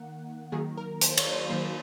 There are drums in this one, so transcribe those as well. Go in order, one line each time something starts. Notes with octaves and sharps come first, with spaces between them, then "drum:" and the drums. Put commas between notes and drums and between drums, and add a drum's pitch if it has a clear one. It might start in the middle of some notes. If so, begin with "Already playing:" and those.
Already playing: D#3 A#3 F#5
D#3 F#3 A#3 G#4
A#4
C5, drum: hi-hat
C#5, drum: cymbal
C5
D#3 F#3 A#3 C5